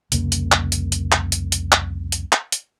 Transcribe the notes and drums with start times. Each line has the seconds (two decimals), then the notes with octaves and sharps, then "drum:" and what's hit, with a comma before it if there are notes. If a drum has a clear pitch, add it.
0.12 C2 F2 C#3 A#3, drum: hi-hat
0.32 drum: hi-hat
0.52 drum: clap
0.72 drum: hi-hat
0.92 drum: hi-hat
1.12 drum: clap
1.32 drum: hi-hat
1.52 drum: hi-hat
1.72 drum: clap
2.12 drum: hi-hat
2.32 drum: clap
2.52 drum: hi-hat